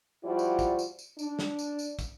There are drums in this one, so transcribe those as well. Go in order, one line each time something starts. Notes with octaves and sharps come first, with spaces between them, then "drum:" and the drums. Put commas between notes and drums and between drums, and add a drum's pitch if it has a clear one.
F3 G3 E4 F#4 D5
drum: tambourine
drum: kick, tambourine
drum: tambourine
drum: tambourine
D4, drum: tambourine
drum: snare
drum: tambourine
drum: tambourine
drum: kick, tambourine